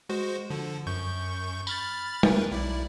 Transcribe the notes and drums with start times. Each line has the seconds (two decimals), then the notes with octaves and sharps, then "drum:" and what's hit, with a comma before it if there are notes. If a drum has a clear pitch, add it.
0.09 G#3 F#4 C5
0.50 D3 F3
0.86 F#2 C#6 G6
1.67 B5 F6 A6, drum: tambourine
2.23 A#4 B4, drum: tom
2.51 B1 E4 D5